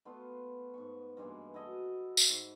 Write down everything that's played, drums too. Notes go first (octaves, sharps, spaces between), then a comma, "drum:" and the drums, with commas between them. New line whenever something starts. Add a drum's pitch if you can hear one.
A3 B3 F4 F5
G#2 B3 C#6
G2 E3 G#3 A#3
E4 F#4 A4 D#5
drum: tambourine
G#2